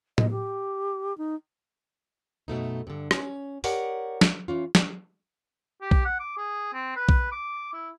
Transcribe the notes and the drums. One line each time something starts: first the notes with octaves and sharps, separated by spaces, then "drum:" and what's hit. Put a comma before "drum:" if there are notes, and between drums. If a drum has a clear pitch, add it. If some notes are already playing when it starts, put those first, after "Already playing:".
D#5, drum: tom A2
G4
D#4
F#2 B2 A3 D#4
G2 D3
C#4, drum: rim click
G4 A#4 C#5 D5 F#5, drum: open hi-hat
drum: snare
E3 C#4 F4
drum: snare
G4
drum: kick B1
F#5
D6
G#4
C4
B4
drum: kick B1
D6
E4